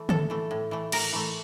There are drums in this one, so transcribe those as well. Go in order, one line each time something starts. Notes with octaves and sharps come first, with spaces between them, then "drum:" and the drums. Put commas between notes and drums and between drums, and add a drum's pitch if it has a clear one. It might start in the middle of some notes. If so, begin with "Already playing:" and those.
Already playing: E3 A3
A2 A4, drum: tom D3
E3 A3
A2
E3 A3
A2 A#4, drum: cymbal
E3 A3